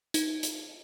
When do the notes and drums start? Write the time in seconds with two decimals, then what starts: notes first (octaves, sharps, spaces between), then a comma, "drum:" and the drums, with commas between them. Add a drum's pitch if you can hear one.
0.14 D#4, drum: hi-hat
0.43 drum: hi-hat